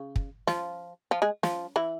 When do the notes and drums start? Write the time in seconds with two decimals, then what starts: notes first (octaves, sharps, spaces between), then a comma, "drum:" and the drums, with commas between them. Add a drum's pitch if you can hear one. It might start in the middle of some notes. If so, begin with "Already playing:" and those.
Already playing: C#3
0.16 drum: kick
0.47 F3 F4, drum: snare
1.11 F3 F4
1.22 G#3 G#4
1.43 F3 F4, drum: snare
1.76 E3 E4